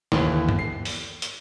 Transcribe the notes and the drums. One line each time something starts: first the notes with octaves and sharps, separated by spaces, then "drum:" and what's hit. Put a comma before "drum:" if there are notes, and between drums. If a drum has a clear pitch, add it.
G1 D#2 E3, drum: snare
drum: tom G2
C7
drum: open hi-hat
drum: hi-hat